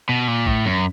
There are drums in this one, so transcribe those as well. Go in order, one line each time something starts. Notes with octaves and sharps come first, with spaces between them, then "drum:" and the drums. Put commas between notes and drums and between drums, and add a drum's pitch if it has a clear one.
B2
A#2
A2, drum: kick
F#2